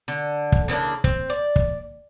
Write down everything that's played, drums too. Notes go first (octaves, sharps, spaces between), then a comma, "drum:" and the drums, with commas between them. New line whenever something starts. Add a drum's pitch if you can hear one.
D3
drum: kick
C#3 E3 A#3 D4
C4, drum: kick
D5
drum: kick